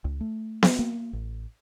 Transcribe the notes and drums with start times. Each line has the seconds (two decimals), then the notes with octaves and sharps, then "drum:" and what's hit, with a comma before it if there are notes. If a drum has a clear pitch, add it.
0.05 C#2
0.21 A3
0.63 drum: snare B3
0.79 A#3
1.13 A1